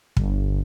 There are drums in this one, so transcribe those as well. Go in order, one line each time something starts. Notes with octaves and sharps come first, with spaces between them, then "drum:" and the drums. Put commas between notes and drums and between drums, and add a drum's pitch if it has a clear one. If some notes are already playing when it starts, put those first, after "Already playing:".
G1, drum: kick